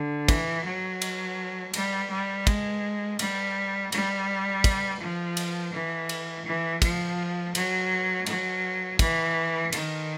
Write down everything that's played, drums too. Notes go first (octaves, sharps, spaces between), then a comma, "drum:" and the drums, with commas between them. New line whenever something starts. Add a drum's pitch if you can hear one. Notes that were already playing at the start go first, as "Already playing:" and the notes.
Already playing: D3
E3, drum: kick, cymbal
F#3
drum: cymbal
G3, drum: cymbal
G3
G#3, drum: kick, cymbal
G3, drum: cymbal
G3, drum: cymbal
drum: kick, cymbal
F3
drum: cymbal
E3
drum: cymbal
E3
F3, drum: kick, cymbal
F#3, drum: cymbal
F#3, drum: cymbal
E3, drum: kick, cymbal
D#3, drum: cymbal